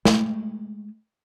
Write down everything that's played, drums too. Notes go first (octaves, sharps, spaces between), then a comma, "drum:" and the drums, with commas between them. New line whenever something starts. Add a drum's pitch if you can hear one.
G#3 A3, drum: snare